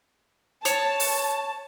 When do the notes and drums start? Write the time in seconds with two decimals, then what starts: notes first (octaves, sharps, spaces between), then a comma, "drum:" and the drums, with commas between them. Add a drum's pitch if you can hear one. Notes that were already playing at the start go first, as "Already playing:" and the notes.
0.65 C#5 A5, drum: hi-hat
1.00 drum: open hi-hat